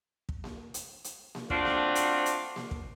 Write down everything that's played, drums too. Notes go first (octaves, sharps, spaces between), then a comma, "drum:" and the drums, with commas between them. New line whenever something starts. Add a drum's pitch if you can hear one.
drum: kick
drum: snare A#3
drum: hi-hat
drum: hi-hat
drum: snare A#3
A3 C4 D4 F4 F#4, drum: kick
drum: snare A#3
drum: hi-hat
drum: hi-hat
drum: snare A#3
drum: kick